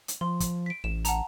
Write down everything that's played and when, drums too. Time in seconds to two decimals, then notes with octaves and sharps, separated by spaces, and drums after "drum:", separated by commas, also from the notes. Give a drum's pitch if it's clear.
0.08 drum: hi-hat
0.21 F3 C6
0.40 drum: kick, hi-hat
0.66 B6 D7
0.84 A1 E7
1.05 F#5 A5 A#5, drum: hi-hat